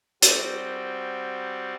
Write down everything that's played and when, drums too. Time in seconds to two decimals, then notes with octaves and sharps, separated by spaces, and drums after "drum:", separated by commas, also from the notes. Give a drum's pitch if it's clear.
0.22 G3 C4 F#4, drum: hi-hat